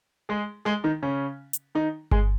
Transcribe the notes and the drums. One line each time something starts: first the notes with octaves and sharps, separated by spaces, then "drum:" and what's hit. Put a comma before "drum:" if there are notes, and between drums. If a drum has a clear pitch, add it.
G#3 G#4
G#3 G#4
D#3 D#4
C#3 C#4
drum: hi-hat
D#3 D#4
G#3 G#4, drum: kick G1